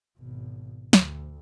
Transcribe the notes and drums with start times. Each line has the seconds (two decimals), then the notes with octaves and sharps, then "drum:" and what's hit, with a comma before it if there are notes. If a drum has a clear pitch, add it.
0.18 G#1 B2
0.93 D2, drum: snare